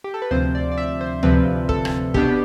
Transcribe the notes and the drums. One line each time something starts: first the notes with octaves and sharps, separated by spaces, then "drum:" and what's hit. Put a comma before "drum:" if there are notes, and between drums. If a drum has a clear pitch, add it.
G4
A4
B4
D2 C3 F3 C4 C5
D5
D5
E5
C5
D2 C3 F3 C4 B4, drum: tom C#2
A4, drum: kick
drum: rim click
B2 B3 D4 G4, drum: kick